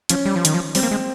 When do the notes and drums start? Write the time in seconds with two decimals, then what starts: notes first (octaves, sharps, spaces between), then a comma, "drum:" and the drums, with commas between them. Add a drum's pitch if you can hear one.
0.09 F3 C#4, drum: hi-hat
0.26 G3
0.36 F3
0.45 D#3, drum: hi-hat
0.54 F3
0.75 G3 C4, drum: open hi-hat
0.83 A#3
0.91 G#3